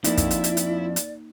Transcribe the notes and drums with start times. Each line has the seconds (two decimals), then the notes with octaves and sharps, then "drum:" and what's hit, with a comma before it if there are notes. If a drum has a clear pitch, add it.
0.04 F2 A#3 D#4 E4 D5, drum: hi-hat
0.17 drum: kick, hi-hat
0.31 drum: hi-hat
0.44 drum: hi-hat
0.57 drum: hi-hat
0.96 drum: hi-hat